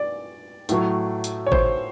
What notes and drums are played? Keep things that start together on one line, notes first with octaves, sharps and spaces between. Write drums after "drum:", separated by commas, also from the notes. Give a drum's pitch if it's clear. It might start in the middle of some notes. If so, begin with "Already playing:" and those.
Already playing: D5
A2 F#3 A3, drum: hi-hat
drum: hi-hat
C#5
C5, drum: kick